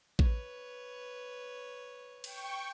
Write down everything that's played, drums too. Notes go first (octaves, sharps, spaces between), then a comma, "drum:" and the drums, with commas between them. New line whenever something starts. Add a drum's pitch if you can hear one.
B4 C#5, drum: kick A1
G5 C#6, drum: cymbal